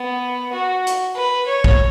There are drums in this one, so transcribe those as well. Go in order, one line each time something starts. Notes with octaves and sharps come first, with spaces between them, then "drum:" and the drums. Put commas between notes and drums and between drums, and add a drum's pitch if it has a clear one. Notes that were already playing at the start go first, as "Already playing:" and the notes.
Already playing: B3
F#4
drum: hi-hat
B4
C#5
drum: kick